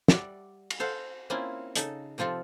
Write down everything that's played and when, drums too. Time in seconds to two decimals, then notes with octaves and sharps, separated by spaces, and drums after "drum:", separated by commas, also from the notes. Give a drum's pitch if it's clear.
0.08 G3 D5 E5 F#5, drum: snare
0.70 drum: cymbal
0.80 A4 C5 F5 F#5
1.30 A#3 C4 C#4 E4 F4
1.76 C#3 D#4 A4, drum: hi-hat
2.18 C3 F3 C4 F4 A4